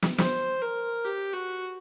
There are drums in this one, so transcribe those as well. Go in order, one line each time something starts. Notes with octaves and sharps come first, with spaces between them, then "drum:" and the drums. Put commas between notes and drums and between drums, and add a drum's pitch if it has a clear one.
drum: snare
C5, drum: snare
A#4
G4
F#4